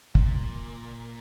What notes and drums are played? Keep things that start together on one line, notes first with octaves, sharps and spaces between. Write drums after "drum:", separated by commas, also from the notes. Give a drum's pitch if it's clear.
A#2, drum: kick